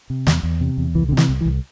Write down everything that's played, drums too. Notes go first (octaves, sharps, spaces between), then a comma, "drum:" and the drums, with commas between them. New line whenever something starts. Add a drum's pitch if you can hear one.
C3
E2, drum: snare
E2
C3
E2
C2 E3
D3
C3
E3, drum: snare
C2
E3
C2